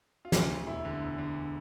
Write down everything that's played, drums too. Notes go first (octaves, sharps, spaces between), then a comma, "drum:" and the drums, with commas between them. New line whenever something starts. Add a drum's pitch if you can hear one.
F4
D2 G4, drum: snare
D2
E1 E4
D3
E1
D3